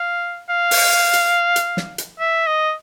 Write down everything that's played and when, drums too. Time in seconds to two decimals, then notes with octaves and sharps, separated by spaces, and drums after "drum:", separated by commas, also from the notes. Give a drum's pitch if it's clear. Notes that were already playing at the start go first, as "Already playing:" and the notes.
Already playing: F5
0.50 F5
0.71 drum: open hi-hat
1.13 drum: hi-hat
1.56 drum: hi-hat
1.77 drum: snare
1.98 drum: hi-hat
2.19 E5
2.47 D#5